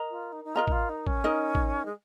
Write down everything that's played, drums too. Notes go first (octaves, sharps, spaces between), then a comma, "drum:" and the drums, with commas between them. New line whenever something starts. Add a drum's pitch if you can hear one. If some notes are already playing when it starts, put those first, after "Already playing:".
Already playing: A#4 D#5 A#5
F4
D#4
D#4
F4 A#4 D#5 A#5
D#4, drum: kick A1
F4
D#4
C#4, drum: kick A1
D#4 A#4 D#5
drum: kick A1
G#3